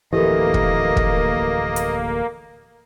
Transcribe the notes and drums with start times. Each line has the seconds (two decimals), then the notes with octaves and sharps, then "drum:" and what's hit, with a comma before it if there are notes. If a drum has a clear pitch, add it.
0.13 D1 A#1 E3 A#3 G4 A4 A#4 D#5
0.54 drum: kick
0.97 drum: kick
1.76 drum: hi-hat